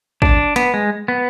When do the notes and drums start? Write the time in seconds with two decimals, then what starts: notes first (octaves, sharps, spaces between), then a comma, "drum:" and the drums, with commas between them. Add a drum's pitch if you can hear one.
0.22 D4, drum: kick
0.56 B3, drum: hi-hat
0.74 G#3
1.08 B3